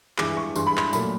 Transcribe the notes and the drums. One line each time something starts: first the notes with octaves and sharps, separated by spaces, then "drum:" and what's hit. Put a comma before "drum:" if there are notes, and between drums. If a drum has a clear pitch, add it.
G2 E3 G#3 D6, drum: clap
C#6
G2 E3 G#3 C6, drum: tambourine
B5
C6, drum: clap
A#2 F#3 A3 B5, drum: tambourine